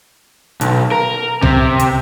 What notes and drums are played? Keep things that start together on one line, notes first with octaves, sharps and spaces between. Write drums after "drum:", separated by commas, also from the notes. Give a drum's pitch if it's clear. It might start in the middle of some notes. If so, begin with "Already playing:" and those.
B1, drum: hi-hat
A#4
C3, drum: tom C2
drum: hi-hat